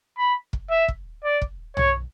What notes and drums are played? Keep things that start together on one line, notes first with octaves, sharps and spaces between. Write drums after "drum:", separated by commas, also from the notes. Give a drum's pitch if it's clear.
B5
drum: kick
E5
drum: kick
D5
drum: kick
C#5, drum: tom